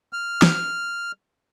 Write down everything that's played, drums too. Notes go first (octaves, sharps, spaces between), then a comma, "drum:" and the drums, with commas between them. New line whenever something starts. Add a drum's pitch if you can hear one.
F6
drum: snare